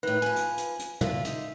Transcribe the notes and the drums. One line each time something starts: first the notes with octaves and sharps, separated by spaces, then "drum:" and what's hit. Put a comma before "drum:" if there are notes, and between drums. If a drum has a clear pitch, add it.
A2 D#3 B4
F3 B4 G#5
drum: hi-hat
drum: hi-hat
drum: hi-hat
A#2 A#3 F4 E5, drum: tom
G#3 D#4, drum: hi-hat